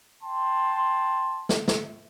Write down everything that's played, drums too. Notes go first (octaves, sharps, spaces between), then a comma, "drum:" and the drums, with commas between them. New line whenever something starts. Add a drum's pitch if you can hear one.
G5 A5 C6
drum: snare
drum: snare